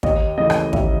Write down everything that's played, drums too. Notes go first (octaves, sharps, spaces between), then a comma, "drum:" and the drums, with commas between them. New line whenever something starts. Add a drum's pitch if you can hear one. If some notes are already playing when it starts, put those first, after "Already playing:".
D#2 D#5, drum: kick
C#3 E3 A3 D#5
drum: rim click
D#2 E5, drum: kick